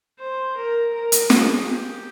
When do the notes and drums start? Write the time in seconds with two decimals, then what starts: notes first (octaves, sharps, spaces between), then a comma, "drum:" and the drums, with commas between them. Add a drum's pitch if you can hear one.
0.19 C5
0.56 A#4
0.94 A#4
1.12 drum: hi-hat
1.30 G#4, drum: snare
1.67 G4